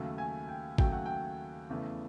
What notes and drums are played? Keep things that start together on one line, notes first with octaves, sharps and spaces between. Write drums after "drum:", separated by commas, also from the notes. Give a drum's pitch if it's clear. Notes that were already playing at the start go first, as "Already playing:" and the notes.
Already playing: D#2 C#3 F#3 A3
G#5
G5
D#2 C#3 F#3 A3 G5, drum: kick G#1
F#5
G5
E2 C#3 E3 A3